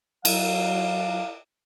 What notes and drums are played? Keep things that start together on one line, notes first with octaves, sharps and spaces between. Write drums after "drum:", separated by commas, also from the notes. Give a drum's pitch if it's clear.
F#3 F5, drum: cymbal